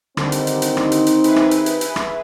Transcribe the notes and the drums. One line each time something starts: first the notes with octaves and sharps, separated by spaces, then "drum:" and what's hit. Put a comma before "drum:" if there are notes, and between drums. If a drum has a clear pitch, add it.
D3 D#3 G3 C4 D#4, drum: rim click
drum: hi-hat
drum: hi-hat
drum: hi-hat
drum: rim click
drum: hi-hat
drum: hi-hat
G#4 B4 E5, drum: hi-hat
drum: rim click
drum: hi-hat
drum: hi-hat
drum: hi-hat
drum: rim click